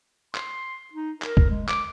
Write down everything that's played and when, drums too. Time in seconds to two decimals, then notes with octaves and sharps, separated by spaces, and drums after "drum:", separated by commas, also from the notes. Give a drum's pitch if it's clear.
0.35 C6, drum: clap
0.93 D#4
1.22 A#4, drum: clap
1.37 drum: kick F#1
1.50 G#3
1.68 D6, drum: clap